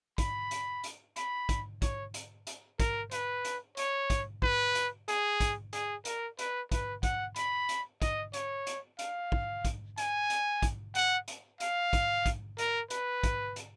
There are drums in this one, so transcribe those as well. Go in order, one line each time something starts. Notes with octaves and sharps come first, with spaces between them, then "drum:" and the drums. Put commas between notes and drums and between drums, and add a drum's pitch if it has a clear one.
B5, drum: kick, hi-hat
drum: hi-hat
drum: hi-hat
B5, drum: hi-hat
drum: kick, hi-hat
C#5, drum: kick, hi-hat
drum: hi-hat
drum: hi-hat
A#4, drum: kick, hi-hat
B4, drum: hi-hat
drum: hi-hat
C#5, drum: hi-hat
drum: kick, hi-hat
B4, drum: kick
drum: hi-hat
G#4, drum: hi-hat
drum: kick, hi-hat
G#4, drum: hi-hat
A#4, drum: hi-hat
B4, drum: hi-hat
B4, drum: kick, hi-hat
F#5, drum: kick, hi-hat
B5, drum: hi-hat
drum: hi-hat
D#5, drum: kick, hi-hat
C#5, drum: hi-hat
drum: hi-hat
F5, drum: hi-hat
drum: kick
drum: kick, hi-hat
G#5, drum: hi-hat
drum: hi-hat
drum: kick, hi-hat
F#5, drum: hi-hat
drum: hi-hat
F5, drum: hi-hat
drum: kick, hi-hat
drum: kick, hi-hat
A#4, drum: hi-hat
B4, drum: hi-hat
drum: kick, hi-hat
drum: hi-hat